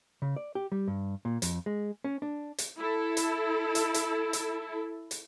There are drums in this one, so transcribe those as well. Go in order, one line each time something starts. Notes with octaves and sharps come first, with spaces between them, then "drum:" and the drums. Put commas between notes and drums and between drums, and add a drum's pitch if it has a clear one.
C#3
D5
G4
G3
G2
A#2
F2, drum: hi-hat
G#3
C#4
D4
drum: hi-hat
E4 A4
drum: hi-hat
drum: hi-hat
drum: hi-hat
drum: hi-hat
drum: hi-hat